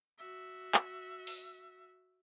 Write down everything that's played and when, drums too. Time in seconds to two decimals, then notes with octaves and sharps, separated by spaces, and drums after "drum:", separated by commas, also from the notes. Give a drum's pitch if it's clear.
0.18 F#4 E5
0.74 drum: clap
1.27 drum: open hi-hat